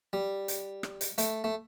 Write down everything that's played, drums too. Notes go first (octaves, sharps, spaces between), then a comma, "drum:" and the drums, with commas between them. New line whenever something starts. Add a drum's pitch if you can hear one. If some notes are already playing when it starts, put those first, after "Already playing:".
G3
drum: hi-hat
drum: rim click
drum: hi-hat
A3, drum: hi-hat
A3